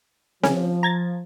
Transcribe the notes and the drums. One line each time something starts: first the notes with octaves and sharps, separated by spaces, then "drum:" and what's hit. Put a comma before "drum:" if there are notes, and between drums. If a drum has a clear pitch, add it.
C#3 F3 C#4, drum: snare C4
A#5 G#6 A6